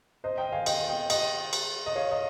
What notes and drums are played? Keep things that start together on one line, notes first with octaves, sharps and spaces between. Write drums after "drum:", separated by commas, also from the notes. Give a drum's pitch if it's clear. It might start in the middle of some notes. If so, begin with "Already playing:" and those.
C5 D#5
D#5 G5
F5 G#5
D#5 G5, drum: cymbal
D#5 G5
D#5 G5, drum: cymbal
drum: cymbal
D#5
C#5 F5
D#5